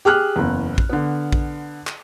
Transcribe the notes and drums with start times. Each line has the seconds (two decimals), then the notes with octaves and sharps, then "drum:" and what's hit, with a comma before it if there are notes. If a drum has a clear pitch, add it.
0.05 G4 G#4 F6 F#6
0.36 F#1 E2
0.78 drum: kick A#1
0.90 D3 B3
1.32 drum: kick A#1
1.87 drum: clap